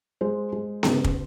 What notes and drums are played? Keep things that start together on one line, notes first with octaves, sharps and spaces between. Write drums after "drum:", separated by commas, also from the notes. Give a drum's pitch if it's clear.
G#3 C5
G#3
C#3, drum: snare B3
drum: kick